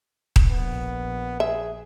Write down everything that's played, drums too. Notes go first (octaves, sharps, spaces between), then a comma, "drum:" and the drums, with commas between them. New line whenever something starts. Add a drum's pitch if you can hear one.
drum: kick D#1
A#1 B3
G#4 E5